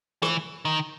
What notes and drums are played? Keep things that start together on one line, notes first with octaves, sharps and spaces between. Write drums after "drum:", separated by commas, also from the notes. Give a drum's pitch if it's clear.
E3, drum: rim click
D#3